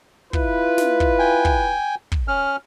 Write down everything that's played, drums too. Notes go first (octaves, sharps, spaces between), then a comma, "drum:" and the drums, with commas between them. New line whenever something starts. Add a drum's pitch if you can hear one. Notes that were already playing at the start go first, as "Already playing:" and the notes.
E4 F4 B4, drum: kick
drum: snare
drum: kick
G5 G#5
drum: kick
drum: kick
C#4 F6